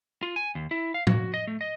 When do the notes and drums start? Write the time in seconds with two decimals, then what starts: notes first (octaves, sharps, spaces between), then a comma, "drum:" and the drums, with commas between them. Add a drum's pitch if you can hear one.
0.23 F4
0.36 G#5
0.55 D#2
0.71 E4
0.94 F5
1.07 F#4, drum: tom
1.34 D#5
1.47 A3
1.61 D#5